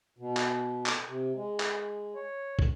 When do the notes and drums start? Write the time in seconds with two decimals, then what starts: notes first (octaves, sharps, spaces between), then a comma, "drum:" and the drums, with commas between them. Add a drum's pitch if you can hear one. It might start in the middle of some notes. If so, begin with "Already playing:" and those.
0.19 B2
0.37 drum: clap
0.86 drum: clap
1.08 C3
1.35 G#3
1.60 drum: clap
2.15 C#5
2.59 drum: kick